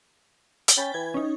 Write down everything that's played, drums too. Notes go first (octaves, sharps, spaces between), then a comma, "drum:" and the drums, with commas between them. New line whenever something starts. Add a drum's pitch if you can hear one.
drum: hi-hat
C#4 G5 B5 A6
E3 G#6
C#4 D#4